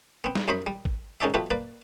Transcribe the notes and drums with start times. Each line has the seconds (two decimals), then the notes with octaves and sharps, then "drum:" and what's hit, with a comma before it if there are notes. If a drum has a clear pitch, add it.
0.24 B3 C4
0.35 drum: snare
0.48 F#2 F#3 C5 D#5 B5
0.67 G3
0.85 drum: kick A1
1.20 G#2 D#3 C#4 D#4 D5 E5
1.34 B2 F3 A3 G4 B4
1.51 A#3 B4 D5